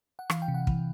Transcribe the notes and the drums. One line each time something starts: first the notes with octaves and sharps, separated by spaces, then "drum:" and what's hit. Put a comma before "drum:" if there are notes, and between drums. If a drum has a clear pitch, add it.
F#5
E3 F5, drum: rim click
G5
C3
F#5
E3, drum: kick